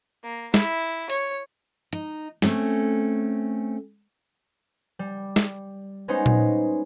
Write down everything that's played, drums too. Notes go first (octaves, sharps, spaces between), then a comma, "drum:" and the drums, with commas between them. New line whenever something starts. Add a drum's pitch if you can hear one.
A#3
E4, drum: snare
C#5, drum: hi-hat
D#4, drum: hi-hat
A3 C4 C#4, drum: snare
G3
drum: snare
G#3 B3 C#4 D#4 C5
drum: tom A#2